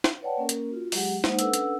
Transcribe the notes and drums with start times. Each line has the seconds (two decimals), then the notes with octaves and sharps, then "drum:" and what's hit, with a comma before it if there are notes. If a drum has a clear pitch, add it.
0.04 drum: snare
0.22 B4 C#5 D5 F#5 G5 A5
0.37 A#3 C#4 A#4
0.49 drum: hi-hat
0.70 F4 F#4
0.92 F#3 G#3 G4 G#4 F#5, drum: open hi-hat
1.24 G#3 A#3 D#4 C5 F#5, drum: snare
1.39 C#4 D4 A4 B4 F#5 E6, drum: hi-hat
1.54 drum: hi-hat